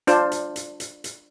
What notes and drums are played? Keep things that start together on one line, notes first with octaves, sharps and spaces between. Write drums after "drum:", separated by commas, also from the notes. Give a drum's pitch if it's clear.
D4 F4 C5, drum: hi-hat
drum: hi-hat
drum: hi-hat
drum: hi-hat
drum: hi-hat